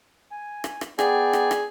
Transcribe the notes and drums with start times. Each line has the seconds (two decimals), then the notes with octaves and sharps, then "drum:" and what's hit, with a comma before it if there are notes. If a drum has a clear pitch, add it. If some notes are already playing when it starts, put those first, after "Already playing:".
0.31 G#5
0.64 drum: rim click
0.81 drum: rim click
0.99 B3 G#4 D5 G5, drum: rim click
1.33 drum: rim click
1.51 drum: rim click